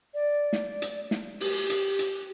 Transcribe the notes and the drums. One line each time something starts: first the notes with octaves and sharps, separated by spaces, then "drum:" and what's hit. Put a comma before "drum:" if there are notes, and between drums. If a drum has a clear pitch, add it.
D5
drum: snare
drum: hi-hat
drum: snare
G4, drum: open hi-hat
drum: hi-hat
drum: hi-hat